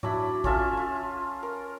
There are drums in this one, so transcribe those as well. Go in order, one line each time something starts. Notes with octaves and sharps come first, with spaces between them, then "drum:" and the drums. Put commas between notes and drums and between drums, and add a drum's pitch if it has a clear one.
F#3 D4 E4 B5, drum: tom G#2
C#4 F4 A4 E5, drum: kick
F4
A#4